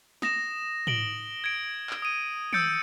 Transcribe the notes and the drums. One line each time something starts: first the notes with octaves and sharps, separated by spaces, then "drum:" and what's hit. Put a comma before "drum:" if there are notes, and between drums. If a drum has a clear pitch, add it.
D#6 A#6 E7, drum: snare
D7 F#7 G7, drum: tom
G#6 D7
drum: clap
D#6 D#7
E6 G6 A6 C#7 D7, drum: tom D#3